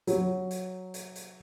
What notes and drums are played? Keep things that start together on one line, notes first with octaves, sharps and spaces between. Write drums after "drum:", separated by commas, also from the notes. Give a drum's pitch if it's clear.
F#3, drum: hi-hat
drum: hi-hat
drum: hi-hat
drum: hi-hat